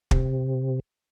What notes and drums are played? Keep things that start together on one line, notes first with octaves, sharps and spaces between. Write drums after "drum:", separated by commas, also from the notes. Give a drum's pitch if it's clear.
C3, drum: kick